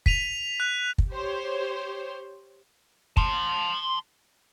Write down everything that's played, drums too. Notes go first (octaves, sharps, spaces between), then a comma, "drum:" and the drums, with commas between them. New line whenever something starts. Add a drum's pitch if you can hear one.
B6 D#7 F7, drum: kick
F#6
drum: kick
G4 C5 C#5
A5 C6, drum: kick